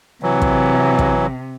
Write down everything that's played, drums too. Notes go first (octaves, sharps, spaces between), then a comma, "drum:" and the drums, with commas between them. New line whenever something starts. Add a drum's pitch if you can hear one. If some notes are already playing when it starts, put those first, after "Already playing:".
C3 E3 F#3
drum: kick
drum: kick